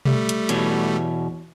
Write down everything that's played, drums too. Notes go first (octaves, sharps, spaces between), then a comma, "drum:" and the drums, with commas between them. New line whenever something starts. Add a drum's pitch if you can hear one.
G3 A3, drum: tom B2
drum: hi-hat
E2 B2 C#5, drum: hi-hat